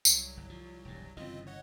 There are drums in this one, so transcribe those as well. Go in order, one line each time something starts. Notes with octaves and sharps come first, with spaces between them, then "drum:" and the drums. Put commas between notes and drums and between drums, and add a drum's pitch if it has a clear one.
C2 F#3, drum: tambourine
G1
F3
E1 G2
G1 C#3 E3 C4 F4 D#5
C#5 D#5 F#5